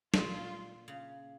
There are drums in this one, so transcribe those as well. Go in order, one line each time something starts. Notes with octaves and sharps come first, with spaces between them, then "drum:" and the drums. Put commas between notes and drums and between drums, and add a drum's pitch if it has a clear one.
A#2 F4, drum: snare
C#3